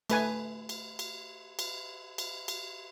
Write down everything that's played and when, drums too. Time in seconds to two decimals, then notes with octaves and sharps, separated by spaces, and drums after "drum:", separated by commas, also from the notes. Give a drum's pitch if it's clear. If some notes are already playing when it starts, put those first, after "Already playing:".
0.10 A3 B4 G#5, drum: cymbal
0.69 drum: cymbal
0.99 drum: cymbal
1.59 drum: cymbal
2.18 drum: cymbal
2.48 drum: cymbal